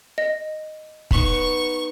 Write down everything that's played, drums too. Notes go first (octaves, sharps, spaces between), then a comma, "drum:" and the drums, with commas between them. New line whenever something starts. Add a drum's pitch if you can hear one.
D#5
B3 D#4 C#6, drum: kick